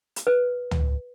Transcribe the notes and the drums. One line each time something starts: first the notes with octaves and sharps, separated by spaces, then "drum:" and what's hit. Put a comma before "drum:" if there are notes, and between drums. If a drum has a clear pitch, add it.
drum: hi-hat
B4
drum: tom